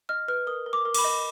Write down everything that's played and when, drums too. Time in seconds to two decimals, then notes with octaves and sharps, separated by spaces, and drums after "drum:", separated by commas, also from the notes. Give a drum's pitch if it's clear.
0.09 D#5 F6
0.28 B4 F6
0.47 A#4 D#6
0.66 A#4
0.73 D6
0.85 A#4
0.94 D6, drum: cymbal
0.98 B5
1.04 D#5